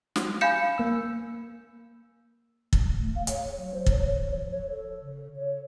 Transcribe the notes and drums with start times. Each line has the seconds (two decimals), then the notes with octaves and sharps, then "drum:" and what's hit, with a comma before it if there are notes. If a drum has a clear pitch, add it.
0.16 drum: snare
0.41 F5 G#5 B5 G6 C#7 E7
0.78 A#3 E6
2.73 drum: kick
2.99 A3
3.15 F5
3.27 C#5, drum: hi-hat
3.57 F#3
3.74 C5
3.86 C#5, drum: kick
4.02 C#5
4.31 F3
4.49 C#5
4.69 A4
5.01 C#3
5.36 C#5